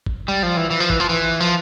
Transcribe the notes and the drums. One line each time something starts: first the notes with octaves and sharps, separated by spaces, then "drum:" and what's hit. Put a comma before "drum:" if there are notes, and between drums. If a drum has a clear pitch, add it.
drum: kick
G3
F3
E3
E3
F3
E3, drum: kick
F3
E3
F3